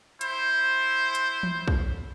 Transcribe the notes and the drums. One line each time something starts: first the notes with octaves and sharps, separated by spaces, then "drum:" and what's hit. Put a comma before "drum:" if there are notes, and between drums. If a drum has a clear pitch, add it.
E4 C5, drum: hi-hat
drum: hi-hat
drum: tom E3
drum: kick